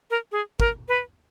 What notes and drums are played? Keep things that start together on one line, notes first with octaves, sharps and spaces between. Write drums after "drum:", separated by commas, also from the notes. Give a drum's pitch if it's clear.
A#4
G#4
A#4, drum: kick
B4